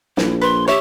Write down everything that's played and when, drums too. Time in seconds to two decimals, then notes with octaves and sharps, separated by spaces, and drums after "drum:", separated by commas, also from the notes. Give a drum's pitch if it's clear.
0.17 A#1 E4, drum: snare
0.41 B4 C6
0.68 G4 C#5 E5